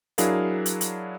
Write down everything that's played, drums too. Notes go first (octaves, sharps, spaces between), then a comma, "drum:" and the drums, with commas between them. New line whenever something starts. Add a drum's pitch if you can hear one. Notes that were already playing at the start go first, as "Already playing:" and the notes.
F#3 D4 E4 G#4 A#4 F5, drum: hi-hat
drum: hi-hat
drum: hi-hat